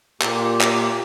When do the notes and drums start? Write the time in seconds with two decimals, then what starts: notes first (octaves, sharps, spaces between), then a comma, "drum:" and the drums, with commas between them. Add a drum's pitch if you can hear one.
0.21 A#2 A#3 G4, drum: clap
0.61 drum: clap